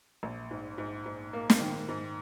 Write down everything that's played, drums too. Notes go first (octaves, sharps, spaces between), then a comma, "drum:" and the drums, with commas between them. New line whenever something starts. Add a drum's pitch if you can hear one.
A#1
G#2
G#2
G#2
A#3
drum: snare
D#3
G#2